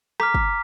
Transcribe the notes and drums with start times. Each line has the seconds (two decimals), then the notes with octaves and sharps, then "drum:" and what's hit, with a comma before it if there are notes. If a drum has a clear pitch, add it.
0.20 A#5 D6 F6 B6, drum: rim click
0.34 drum: kick